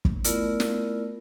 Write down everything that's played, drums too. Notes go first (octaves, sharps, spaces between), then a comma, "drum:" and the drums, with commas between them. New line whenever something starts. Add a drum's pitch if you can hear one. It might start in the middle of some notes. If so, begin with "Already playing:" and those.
drum: kick
A3 B3 E4 F4 A#4 D5, drum: hi-hat
drum: snare